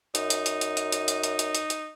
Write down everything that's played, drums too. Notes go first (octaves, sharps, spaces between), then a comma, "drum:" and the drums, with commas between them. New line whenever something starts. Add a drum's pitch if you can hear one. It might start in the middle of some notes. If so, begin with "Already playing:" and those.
F#2 D#4, drum: hi-hat
drum: hi-hat
drum: hi-hat
drum: hi-hat
drum: hi-hat
drum: hi-hat
drum: hi-hat
drum: hi-hat
drum: hi-hat
drum: hi-hat
drum: hi-hat